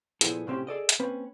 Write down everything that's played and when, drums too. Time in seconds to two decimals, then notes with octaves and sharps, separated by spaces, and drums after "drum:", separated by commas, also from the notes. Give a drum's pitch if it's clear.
0.21 A#2 F3 B3 E4 G#4 A4, drum: hi-hat
0.47 A2 C3 C4 C#4 G4
0.67 G#4 A4 D5 D#5
0.89 drum: hi-hat
0.99 A#3 C4 C#4 B4